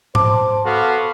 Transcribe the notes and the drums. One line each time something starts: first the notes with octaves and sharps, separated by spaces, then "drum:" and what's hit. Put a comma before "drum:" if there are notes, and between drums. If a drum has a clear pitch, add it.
C5 A5 C6 D6, drum: tom G#2
B3 F#4 A4 F5